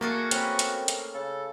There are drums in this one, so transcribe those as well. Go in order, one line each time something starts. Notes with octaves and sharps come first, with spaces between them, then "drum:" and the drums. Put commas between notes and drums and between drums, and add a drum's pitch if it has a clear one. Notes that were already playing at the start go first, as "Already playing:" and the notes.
A3 A#3 F#4 G#4 A4
C4 C#4 B4, drum: hi-hat
drum: hi-hat
drum: hi-hat
C#3 A4